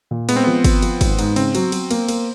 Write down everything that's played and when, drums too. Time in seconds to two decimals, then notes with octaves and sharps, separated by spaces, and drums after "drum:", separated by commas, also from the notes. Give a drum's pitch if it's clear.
0.11 A#2
0.29 G#3 B3, drum: cymbal
0.36 C4
0.44 F3 B3
0.64 F3, drum: kick, cymbal
0.82 F3, drum: cymbal
1.01 G#1, drum: kick, cymbal
1.19 G#2, drum: cymbal
1.36 C#3 C4, drum: cymbal
1.55 F#3, drum: cymbal
1.72 F#3, drum: cymbal
1.91 A#3, drum: cymbal
2.08 A#3, drum: cymbal